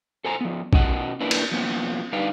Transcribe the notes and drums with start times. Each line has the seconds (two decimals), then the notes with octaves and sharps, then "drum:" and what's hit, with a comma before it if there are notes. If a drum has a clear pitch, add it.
0.25 A4 C5 G#5 A#5
0.41 F3 B3
0.73 B2 C#4 D#5 F#5, drum: kick A#1
1.20 A#3 C#4 D4 E4 B4
1.31 drum: cymbal
1.51 F3 A#3 B3 C#4
2.13 D3 G3 D#4 B4 D5 F5